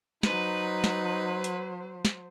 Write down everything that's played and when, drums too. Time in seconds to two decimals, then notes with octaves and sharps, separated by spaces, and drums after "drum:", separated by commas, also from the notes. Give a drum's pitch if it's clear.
0.23 F#3 D#4 B4 C5, drum: snare
0.84 drum: snare
1.44 drum: hi-hat
2.05 drum: snare